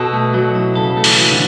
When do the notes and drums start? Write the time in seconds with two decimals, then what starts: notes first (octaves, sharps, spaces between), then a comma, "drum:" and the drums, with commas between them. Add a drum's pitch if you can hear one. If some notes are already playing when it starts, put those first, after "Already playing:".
Already playing: B2 A4
0.13 A3
0.34 B2 F#3
0.55 E4
0.75 C#3 A4
0.97 A3
1.04 E3, drum: open hi-hat
1.17 F#3
1.31 D3